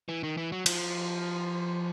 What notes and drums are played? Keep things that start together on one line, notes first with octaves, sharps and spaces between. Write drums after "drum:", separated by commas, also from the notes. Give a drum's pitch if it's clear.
E3
D#3
E3
F#3
F3, drum: cymbal